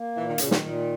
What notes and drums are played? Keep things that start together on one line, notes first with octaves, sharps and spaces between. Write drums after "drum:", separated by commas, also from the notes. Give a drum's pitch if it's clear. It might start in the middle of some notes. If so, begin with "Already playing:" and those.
Already playing: A#3
A#2 E3
D#3
A#2 C#3, drum: hi-hat
D#3, drum: snare
A#2